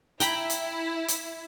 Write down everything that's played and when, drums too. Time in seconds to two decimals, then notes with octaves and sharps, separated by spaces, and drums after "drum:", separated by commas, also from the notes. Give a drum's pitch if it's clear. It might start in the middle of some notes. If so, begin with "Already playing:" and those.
0.20 E4 G5 A#5 B5, drum: hi-hat
0.50 drum: hi-hat
1.08 drum: hi-hat